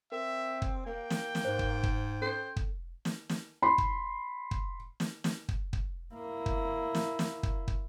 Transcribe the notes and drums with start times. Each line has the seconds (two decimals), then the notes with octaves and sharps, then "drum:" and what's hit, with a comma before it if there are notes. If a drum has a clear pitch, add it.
0.12 C4 A#4 E5
0.62 drum: kick
0.86 A#3 G5
1.10 drum: snare
1.35 drum: snare
1.45 G#2 C5
1.59 drum: kick
1.83 drum: kick
2.22 C#4 A4 C5
2.56 drum: kick
3.05 drum: snare
3.29 drum: snare
3.62 B5 C6
3.78 drum: kick
4.51 drum: kick
5.00 drum: snare
5.24 drum: snare
5.49 drum: kick
5.73 drum: kick
6.14 A#3 E4
6.46 drum: kick
6.95 drum: snare
7.19 drum: snare
7.43 drum: kick
7.68 drum: kick